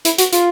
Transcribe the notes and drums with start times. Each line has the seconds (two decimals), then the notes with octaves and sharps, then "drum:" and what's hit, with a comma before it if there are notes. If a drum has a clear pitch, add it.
0.05 E4, drum: hi-hat
0.18 F#4, drum: hi-hat
0.32 F4, drum: hi-hat